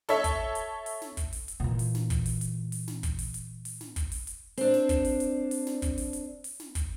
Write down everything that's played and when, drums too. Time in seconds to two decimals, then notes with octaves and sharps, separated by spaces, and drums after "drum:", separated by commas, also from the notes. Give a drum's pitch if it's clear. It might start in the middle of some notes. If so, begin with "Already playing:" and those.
0.09 A4 C#5 E5, drum: snare
0.24 drum: kick, hi-hat
0.55 drum: hi-hat
0.86 drum: open hi-hat
1.02 drum: snare
1.17 drum: kick, hi-hat
1.33 drum: open hi-hat
1.48 drum: hi-hat
1.60 A#2 E3
1.79 drum: open hi-hat
1.95 drum: snare
2.10 drum: kick, hi-hat
2.26 drum: open hi-hat
2.41 drum: hi-hat
2.72 drum: open hi-hat
2.88 drum: snare
3.03 drum: kick, hi-hat
3.19 drum: open hi-hat
3.34 drum: hi-hat
3.65 drum: open hi-hat
3.81 drum: snare
3.96 drum: kick, hi-hat
4.12 drum: open hi-hat
4.27 drum: hi-hat
4.57 C4 D4, drum: open hi-hat
4.74 drum: snare
4.89 drum: kick, hi-hat
5.05 drum: open hi-hat
5.20 drum: hi-hat
5.51 drum: open hi-hat
5.67 drum: snare
5.82 drum: kick, hi-hat
5.98 drum: open hi-hat
6.13 drum: hi-hat
6.44 drum: open hi-hat
6.60 drum: snare
6.75 drum: kick, hi-hat